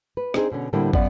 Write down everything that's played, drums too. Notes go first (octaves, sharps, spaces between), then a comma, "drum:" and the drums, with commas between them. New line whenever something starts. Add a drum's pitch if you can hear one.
B4
C4 D4 D#4 G4 G#4 C5, drum: rim click
B2 D3 C#4
A2 D3 G3 A#3 C4 E4
F#2 B3 D5 F5 F#5, drum: kick